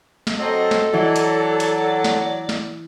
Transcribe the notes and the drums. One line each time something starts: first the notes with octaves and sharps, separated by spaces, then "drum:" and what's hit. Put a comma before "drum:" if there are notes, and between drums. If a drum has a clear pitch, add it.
drum: snare
F#3 C4 A4 D#5
drum: snare
E3 F#3 D5
drum: hi-hat
drum: hi-hat
drum: snare
drum: snare